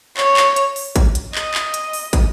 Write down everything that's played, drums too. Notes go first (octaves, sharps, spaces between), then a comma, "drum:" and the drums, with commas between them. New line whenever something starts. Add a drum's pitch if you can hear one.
C#5, drum: clap
drum: clap
drum: hi-hat
drum: open hi-hat
drum: kick, hi-hat
drum: hi-hat
D#5, drum: clap
drum: clap
drum: hi-hat
drum: open hi-hat
drum: kick, hi-hat